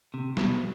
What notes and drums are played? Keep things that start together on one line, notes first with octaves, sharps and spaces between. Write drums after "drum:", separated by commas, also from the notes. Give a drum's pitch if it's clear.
C3
B2, drum: snare